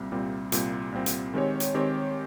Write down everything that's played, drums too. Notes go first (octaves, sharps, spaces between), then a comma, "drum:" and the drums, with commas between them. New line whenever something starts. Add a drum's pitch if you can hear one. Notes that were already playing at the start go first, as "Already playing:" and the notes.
Already playing: C2 A#2 G3 C4
C2 A#2 G3 C4
C2 A#2 G3 C4, drum: hi-hat
C2 A#2 G3 C4
drum: hi-hat
D#3 G#3 C4 G4 C#5
drum: hi-hat
D#3 G#3 C4 G4 C#5